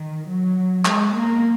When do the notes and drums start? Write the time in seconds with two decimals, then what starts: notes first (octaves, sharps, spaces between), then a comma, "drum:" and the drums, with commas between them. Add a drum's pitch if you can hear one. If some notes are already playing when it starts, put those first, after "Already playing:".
Already playing: D#3
0.28 F#3
0.85 G#3, drum: clap
1.13 A#3